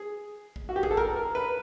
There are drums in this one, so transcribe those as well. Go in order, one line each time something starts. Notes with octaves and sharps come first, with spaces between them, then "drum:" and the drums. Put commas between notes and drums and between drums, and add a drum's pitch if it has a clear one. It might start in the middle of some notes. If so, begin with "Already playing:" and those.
Already playing: G#4
drum: kick
F#4
G4
G#4, drum: kick
A4
A#4, drum: kick
A#4
B4